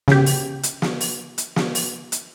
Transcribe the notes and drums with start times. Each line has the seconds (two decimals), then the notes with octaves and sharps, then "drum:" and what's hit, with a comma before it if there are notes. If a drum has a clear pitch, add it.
0.08 C#3 G4, drum: snare
0.26 drum: open hi-hat
0.63 drum: hi-hat
0.82 drum: snare
1.01 drum: open hi-hat
1.38 drum: hi-hat
1.56 drum: snare
1.75 drum: open hi-hat
2.12 drum: hi-hat